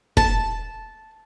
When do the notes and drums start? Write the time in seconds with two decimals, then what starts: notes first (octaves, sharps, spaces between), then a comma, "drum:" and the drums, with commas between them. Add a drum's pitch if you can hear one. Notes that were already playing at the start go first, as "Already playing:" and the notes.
0.17 A5, drum: kick